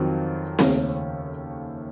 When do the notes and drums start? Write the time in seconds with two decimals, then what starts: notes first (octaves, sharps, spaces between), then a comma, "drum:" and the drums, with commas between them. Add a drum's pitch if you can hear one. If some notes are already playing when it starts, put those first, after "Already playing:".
Already playing: F2 D#3 F#3 C4 F4
0.59 D#2 C#3 A3 C#4, drum: snare C4